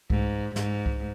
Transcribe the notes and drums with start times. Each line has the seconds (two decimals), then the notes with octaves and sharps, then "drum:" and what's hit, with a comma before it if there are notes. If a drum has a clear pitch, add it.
0.10 G#2, drum: kick C2
0.56 G#2, drum: snare
0.86 drum: kick C2